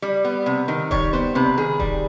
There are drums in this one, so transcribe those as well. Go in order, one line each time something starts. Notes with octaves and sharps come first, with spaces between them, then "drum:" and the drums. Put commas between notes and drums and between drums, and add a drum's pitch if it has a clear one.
G3
B3
C3
D#3
G3 C#5, drum: kick D#1
B3 C5
C3 B4
D#3 G#4
G3, drum: kick D#1